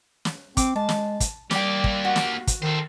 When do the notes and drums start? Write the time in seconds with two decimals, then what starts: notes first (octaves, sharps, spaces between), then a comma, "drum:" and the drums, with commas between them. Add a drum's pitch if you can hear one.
0.25 drum: snare
0.57 C4 D6, drum: kick, hi-hat
0.76 G#3 A5
0.89 drum: snare
1.20 drum: kick, hi-hat
1.51 G3 A#3 G4 D5 G5, drum: snare
1.84 drum: kick
2.05 F#4
2.16 drum: snare
2.47 drum: kick, hi-hat
2.62 D#3 A4 C5